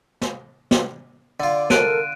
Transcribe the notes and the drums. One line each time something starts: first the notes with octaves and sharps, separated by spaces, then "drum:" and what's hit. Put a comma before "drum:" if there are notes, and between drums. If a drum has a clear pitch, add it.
drum: snare
drum: snare
D3 F4 D5
A4 A#4 F#6 D7 D#7, drum: snare